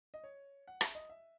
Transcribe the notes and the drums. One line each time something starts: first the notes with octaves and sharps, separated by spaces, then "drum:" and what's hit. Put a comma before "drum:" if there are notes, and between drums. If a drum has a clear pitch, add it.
D#5
C#5
F#5
E5, drum: rim click
D#5
E5